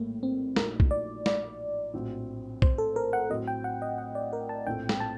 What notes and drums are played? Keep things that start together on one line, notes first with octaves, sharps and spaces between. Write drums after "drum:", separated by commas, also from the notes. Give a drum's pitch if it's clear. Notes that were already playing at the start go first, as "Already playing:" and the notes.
Already playing: A#1 A2 G3 A3 A#3
C4
A#1 A#2 F#3 A3 D#4 A#4, drum: snare
drum: kick B1
D5
D5, drum: snare
A#1 A2 F#3 C4 F#4
C5, drum: kick B1
A4
A#4
F#5
A2 F#3 C4 F#4 D#5
G5
F#5
D#5
F#5
D5
A#4
A5
A#1 A2 A3 C4 G5
drum: snare
A5